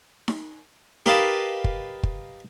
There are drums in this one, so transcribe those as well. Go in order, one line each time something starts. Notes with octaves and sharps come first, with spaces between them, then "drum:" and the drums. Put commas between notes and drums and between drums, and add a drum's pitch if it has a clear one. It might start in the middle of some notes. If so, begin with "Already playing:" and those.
drum: snare D#4
G4 A#4 B4 D#5 F5 A5, drum: snare D#4
drum: kick
drum: kick